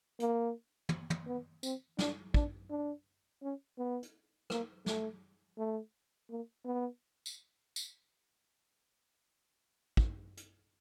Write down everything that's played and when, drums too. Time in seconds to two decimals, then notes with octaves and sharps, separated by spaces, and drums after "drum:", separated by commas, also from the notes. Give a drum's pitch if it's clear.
0.20 A#3, drum: hi-hat
0.89 drum: tom
1.10 drum: tom
1.26 B3
1.63 C4, drum: tambourine
1.99 D4, drum: snare
2.34 D4, drum: kick
2.70 D4
3.42 C#4
3.78 B3
4.03 drum: hi-hat
4.50 A#3, drum: rim click
4.86 A3, drum: snare
5.58 A3
6.30 A#3
6.65 B3
7.26 drum: tambourine
7.76 drum: tambourine
9.97 drum: kick
10.37 drum: hi-hat